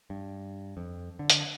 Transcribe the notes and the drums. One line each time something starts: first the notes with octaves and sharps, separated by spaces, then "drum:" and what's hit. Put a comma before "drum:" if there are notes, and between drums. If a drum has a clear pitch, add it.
G2
F2
D3
drum: hi-hat